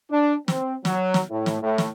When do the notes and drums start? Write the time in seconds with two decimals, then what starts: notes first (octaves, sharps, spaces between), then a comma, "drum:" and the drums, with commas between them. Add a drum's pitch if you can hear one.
0.11 D4
0.48 C4, drum: snare
0.85 F#3, drum: snare
1.14 drum: snare
1.30 A2
1.46 drum: snare
1.61 A2
1.78 drum: snare